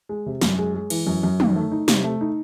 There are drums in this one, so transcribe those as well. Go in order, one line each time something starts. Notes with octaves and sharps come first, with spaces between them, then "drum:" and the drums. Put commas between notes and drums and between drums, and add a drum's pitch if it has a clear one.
G#3
C3
F#2, drum: snare
G#3
G#3
E3, drum: cymbal
F#2
F#2
D#3, drum: tom
A3
D#4
C3, drum: snare
A3
D#4